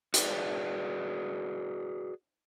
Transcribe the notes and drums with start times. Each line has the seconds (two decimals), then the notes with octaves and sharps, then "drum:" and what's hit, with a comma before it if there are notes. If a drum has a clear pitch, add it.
0.14 F#4 G#4 A#4 B4 D5, drum: hi-hat